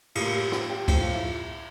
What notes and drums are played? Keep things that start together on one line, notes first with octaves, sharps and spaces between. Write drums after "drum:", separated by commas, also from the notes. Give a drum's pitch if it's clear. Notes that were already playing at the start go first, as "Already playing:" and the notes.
A2 G3 A#3 F4, drum: cymbal
G4
F4 F5, drum: rim click
G4 G5
A2 F3 A3 F4 F5, drum: kick C#2, cymbal
F4 F5
E4 E5